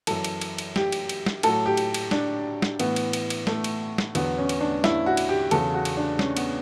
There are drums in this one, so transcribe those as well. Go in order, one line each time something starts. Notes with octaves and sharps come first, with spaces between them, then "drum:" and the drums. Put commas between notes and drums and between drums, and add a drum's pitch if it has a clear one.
F#2 E3 A4, drum: cymbal
drum: cymbal
drum: cymbal
drum: cymbal
G4, drum: snare
drum: cymbal
drum: cymbal
drum: snare
A2 F#3 A4, drum: cymbal
G4
drum: cymbal
drum: cymbal
D4, drum: snare
drum: snare
A2 E3 B3, drum: cymbal
drum: cymbal
drum: cymbal
drum: cymbal
A3, drum: snare
drum: cymbal
drum: snare
E2 D3 F#3 B3, drum: cymbal
C#4
drum: cymbal
D4
E4, drum: snare
F#4
drum: cymbal
G4
E2 C#3 F#3 A4, drum: cymbal
F#4
drum: cymbal
D4
C#4, drum: snare
B3, drum: cymbal